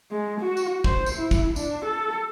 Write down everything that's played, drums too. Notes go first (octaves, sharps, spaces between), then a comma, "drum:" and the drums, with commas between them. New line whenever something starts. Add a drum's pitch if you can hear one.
G#3
F#4
drum: tambourine
C5, drum: kick
drum: tambourine
E4
drum: kick, tambourine
D4, drum: tambourine
A4